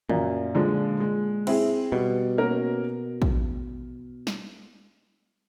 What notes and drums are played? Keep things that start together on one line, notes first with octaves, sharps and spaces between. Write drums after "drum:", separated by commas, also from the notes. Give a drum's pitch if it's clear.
F#2 A#2, drum: tom
D3 F3 G#3
G#3
C4 E4 G#4, drum: cymbal
B2 G3
A#3 C#4 F#4 A#4
drum: kick
drum: snare